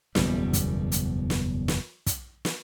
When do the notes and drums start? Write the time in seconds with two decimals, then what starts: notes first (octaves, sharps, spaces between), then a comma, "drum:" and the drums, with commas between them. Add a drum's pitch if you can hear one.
0.15 F#1 E2 B2 G3, drum: snare
0.53 drum: kick, hi-hat
0.92 drum: hi-hat
1.30 drum: snare
1.68 drum: snare
2.06 drum: kick, hi-hat
2.45 drum: snare